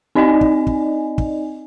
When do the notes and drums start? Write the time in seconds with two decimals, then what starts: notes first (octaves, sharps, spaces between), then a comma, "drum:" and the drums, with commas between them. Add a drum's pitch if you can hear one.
0.15 C4 D#4 D5 D#5 G#5
0.41 drum: kick
0.67 drum: kick
1.18 drum: kick